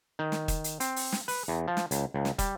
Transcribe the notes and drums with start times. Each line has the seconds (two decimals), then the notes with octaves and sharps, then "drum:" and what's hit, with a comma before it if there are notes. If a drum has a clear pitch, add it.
0.19 D#3
0.32 drum: snare
0.48 drum: kick, hi-hat
0.64 drum: hi-hat
0.80 C4, drum: hi-hat
0.96 drum: open hi-hat
1.12 drum: snare
1.28 B4, drum: open hi-hat
1.48 E2
1.68 F3
1.77 drum: snare
1.91 C#2, drum: hi-hat
2.14 C#2
2.25 drum: snare
2.39 G3, drum: kick, hi-hat